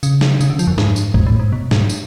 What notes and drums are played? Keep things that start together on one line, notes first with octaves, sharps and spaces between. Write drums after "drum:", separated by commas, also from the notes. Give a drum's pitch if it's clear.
C#3, drum: tambourine
drum: snare
C#3, drum: tambourine
D3
F3, drum: tambourine
F#2
G#2, drum: snare
drum: tambourine
G#2, drum: kick
A2
G#2
B2
G#2, drum: snare
drum: tambourine